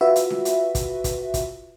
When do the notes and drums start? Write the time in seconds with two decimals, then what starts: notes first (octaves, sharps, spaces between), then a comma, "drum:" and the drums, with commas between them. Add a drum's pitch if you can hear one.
0.01 F4 F#4 B4 E5
0.16 drum: hi-hat
0.30 drum: snare C#4
0.45 drum: hi-hat
0.75 drum: kick, hi-hat
1.04 drum: kick, hi-hat
1.34 drum: kick, hi-hat